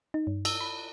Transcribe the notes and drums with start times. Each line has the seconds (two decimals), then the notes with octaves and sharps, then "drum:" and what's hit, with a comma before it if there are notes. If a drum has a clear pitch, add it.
0.14 D#4
0.27 G2
0.45 E6, drum: cymbal
0.61 B5